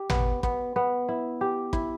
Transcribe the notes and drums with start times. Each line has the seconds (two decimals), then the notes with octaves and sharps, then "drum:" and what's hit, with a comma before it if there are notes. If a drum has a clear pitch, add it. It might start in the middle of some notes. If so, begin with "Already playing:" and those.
Already playing: G4
0.10 B3, drum: tom
0.43 B3, drum: kick
0.76 B3
1.09 E4
1.41 G4
1.73 E4, drum: kick